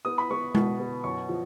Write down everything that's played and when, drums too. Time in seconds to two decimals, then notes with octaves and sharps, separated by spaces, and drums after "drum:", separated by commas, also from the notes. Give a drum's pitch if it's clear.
0.05 B3 D#6
0.18 B5
0.31 B3 C#6
0.55 B2, drum: tom G#3
0.80 B3
1.04 F#2 C#6
1.29 F3